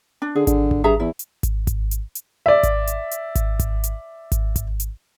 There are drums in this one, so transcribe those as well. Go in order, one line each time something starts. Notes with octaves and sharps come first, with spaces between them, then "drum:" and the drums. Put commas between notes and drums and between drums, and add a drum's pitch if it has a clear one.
D4
D3 G#4
D3, drum: kick G#1, hi-hat
drum: kick G#1
G2 G#4 E5 A#5
E2 E4
drum: hi-hat
drum: kick G#1, hi-hat
drum: kick G#1, hi-hat
drum: hi-hat
drum: hi-hat
D5 E5
drum: kick G#1, hi-hat
drum: hi-hat
drum: hi-hat
drum: kick G#1, hi-hat
drum: kick G#1, hi-hat
drum: hi-hat
drum: kick G#1, hi-hat
drum: kick G#1, hi-hat
drum: hi-hat